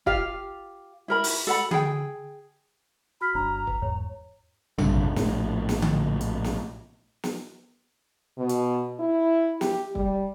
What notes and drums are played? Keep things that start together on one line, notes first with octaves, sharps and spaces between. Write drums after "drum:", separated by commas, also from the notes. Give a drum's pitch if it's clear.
F4 G4 F5, drum: kick
E4 A#4 B5
drum: open hi-hat
A4 F#5 B5
G#4 G5, drum: tom D3
F#4 B5 F6 B6
G1 D4 A#5
B4, drum: kick
E2 G#2 C#5
C2 G2 D3, drum: tom A1
A#1 A2, drum: snare
drum: snare
drum: tom D3
drum: hi-hat
drum: snare
drum: snare
B2
drum: hi-hat
E4
G4, drum: snare
G3, drum: kick